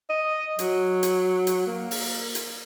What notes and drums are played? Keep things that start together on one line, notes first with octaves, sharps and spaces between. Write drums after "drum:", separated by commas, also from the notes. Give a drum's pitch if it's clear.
D#5
F#3, drum: hi-hat
drum: hi-hat
drum: hi-hat
A#3
drum: open hi-hat
drum: hi-hat